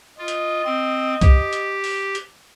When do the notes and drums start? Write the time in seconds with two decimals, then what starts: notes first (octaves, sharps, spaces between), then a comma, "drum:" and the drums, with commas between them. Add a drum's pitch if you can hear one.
0.18 F4 D#5
0.28 drum: hi-hat
0.65 C4 C6
1.21 G4, drum: kick C2, hi-hat
1.53 drum: hi-hat
1.84 drum: open hi-hat
2.15 drum: hi-hat